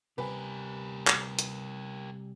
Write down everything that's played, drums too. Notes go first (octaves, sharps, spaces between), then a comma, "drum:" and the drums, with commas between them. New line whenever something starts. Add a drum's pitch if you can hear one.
C3 G3 G4 A#4 B4 G#5
drum: clap
drum: hi-hat